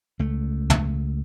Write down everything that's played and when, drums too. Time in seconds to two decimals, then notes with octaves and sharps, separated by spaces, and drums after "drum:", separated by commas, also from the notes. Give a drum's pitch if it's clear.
0.19 C#2 A3
0.70 drum: tom